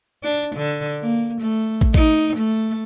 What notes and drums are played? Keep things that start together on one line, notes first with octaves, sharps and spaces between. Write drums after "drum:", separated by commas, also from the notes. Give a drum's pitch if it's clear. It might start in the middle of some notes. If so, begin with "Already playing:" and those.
D4
D3
A#3
A3
drum: kick
D#4, drum: kick
A3